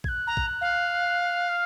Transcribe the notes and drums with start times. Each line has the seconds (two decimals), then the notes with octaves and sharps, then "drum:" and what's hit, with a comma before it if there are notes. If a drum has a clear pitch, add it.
0.04 G#6, drum: kick
0.08 F#6
0.27 A#5
0.37 drum: kick
0.61 F5
1.49 F6